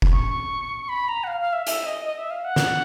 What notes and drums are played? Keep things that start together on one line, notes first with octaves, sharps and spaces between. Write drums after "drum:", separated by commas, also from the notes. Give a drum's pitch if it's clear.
drum: kick F1
C#6
B5
A#5
F#5
F5
F5
E5
E5, drum: hi-hat
D#5
D#5
E5
F5
F#5
drum: snare